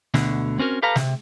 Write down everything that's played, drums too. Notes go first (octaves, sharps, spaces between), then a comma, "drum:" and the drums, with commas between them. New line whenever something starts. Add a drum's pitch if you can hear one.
D2 B2 D3, drum: snare
C4 C#4 F#4 A#4
G4 A4 B4 F5 A#5
C3, drum: snare